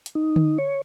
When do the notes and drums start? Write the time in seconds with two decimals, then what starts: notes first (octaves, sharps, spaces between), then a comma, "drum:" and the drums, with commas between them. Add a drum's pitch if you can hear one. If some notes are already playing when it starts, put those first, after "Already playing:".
0.06 drum: hi-hat
0.15 D#4
0.36 drum: tom D3
0.58 C#5